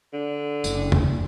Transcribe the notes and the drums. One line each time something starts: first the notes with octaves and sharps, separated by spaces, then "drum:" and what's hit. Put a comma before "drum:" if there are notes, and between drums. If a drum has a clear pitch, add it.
D3
F#1, drum: tambourine
drum: tom